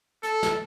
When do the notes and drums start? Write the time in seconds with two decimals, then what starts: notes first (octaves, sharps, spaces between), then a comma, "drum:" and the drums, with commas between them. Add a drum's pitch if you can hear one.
0.23 A4, drum: hi-hat
0.43 drum: snare